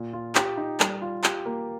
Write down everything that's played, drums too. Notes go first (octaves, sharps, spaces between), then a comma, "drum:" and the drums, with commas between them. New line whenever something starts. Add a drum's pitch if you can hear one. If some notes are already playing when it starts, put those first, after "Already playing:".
Already playing: A#2
F4
G4, drum: clap
D#4
G3, drum: clap
F4
G4, drum: clap
A#3